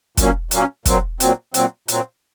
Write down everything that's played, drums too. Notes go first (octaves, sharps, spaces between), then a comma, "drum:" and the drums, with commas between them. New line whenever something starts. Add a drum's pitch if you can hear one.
A#2 F#3 A#3 C#4, drum: kick, hi-hat
A#2 F#3 A#3 C#4, drum: hi-hat
A#2 F#3 C4, drum: kick, hi-hat
A#2 F#3 C4, drum: hi-hat
A#2 F#3 C4, drum: hi-hat
A#2 F#3 C4, drum: hi-hat